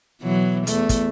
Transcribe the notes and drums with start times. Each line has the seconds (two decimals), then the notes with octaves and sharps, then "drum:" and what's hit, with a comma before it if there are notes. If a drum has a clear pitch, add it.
0.21 B2 E3 F#3
0.67 E2 A3, drum: hi-hat
0.89 drum: kick, hi-hat